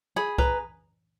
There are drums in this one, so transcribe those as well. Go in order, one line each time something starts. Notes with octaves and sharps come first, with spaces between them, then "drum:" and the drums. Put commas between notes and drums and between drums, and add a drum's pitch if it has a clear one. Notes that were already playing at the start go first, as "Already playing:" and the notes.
G#4 B5
B4 A#5, drum: kick